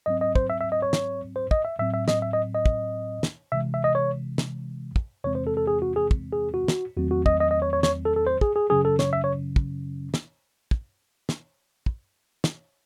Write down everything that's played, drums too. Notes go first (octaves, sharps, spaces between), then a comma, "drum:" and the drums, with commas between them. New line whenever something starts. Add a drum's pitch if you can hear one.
G#2 F#3 C4 D#5
D#5
C5, drum: kick
E5
E5
D#5
C#5
drum: snare
C5
D#5, drum: kick
E5
A2 F#3 C4 E5
E5
D#5, drum: snare
E5
D#5
D#5
drum: kick
drum: snare
C3 E3 G#3 E5
E5
D#5
C#5
drum: snare
drum: kick
E2 C3 E3 G#3 C4 C#5
C5
A4
A4
G#4
F#4
G#4
drum: kick
G#4
F#4
drum: snare
E2 D#3 F#3 A3 C4 F#4
F#4
D#5, drum: kick
D#5
D#5
C#5
C#5
C#5, drum: snare
A4
A4
C5
G#4, drum: kick
G#4
F#2 C#3 F#3 C#4 G#4
A4
C#5, drum: snare
E5
C#5
drum: kick
drum: snare
drum: kick
drum: snare
drum: kick
drum: snare